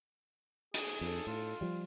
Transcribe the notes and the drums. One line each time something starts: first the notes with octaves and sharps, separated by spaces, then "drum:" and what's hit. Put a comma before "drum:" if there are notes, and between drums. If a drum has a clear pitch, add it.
G#4, drum: hi-hat
F2 A4
A2 F4
F3 G3